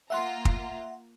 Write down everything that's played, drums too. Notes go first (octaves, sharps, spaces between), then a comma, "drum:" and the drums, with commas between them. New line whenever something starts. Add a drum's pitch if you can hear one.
A#3 F4 E5 F#5 A#5 C6
drum: kick